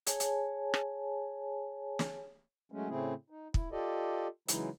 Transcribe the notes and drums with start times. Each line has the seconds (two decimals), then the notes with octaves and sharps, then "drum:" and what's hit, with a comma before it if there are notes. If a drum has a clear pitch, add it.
0.07 G#4 C#5 G#5 A5, drum: hi-hat
0.20 drum: hi-hat
0.74 drum: rim click
1.99 drum: snare
2.72 F#3 G#3 A3 C#4
2.89 A2 C#3 A3 C4 E4 G#4
3.30 D#4
3.54 E4, drum: kick
3.72 F4 G4 A4 D5 D#5
4.48 C#3 E3 F#3 G#3 D#4 E4, drum: hi-hat